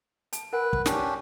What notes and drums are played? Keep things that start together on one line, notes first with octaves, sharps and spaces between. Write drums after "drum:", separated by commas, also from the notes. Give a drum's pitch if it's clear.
A5, drum: hi-hat
A#4 B4 F#5 G#5
drum: kick
C#4 D4 G4, drum: snare